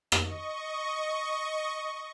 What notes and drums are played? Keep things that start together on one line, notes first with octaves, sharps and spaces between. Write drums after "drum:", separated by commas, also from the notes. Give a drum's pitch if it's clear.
D#5 C#6, drum: rim click